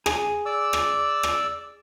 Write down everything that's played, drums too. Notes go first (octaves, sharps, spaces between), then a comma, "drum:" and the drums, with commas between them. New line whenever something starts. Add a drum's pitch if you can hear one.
G#4, drum: rim click
D5 D6 E6
drum: rim click
drum: rim click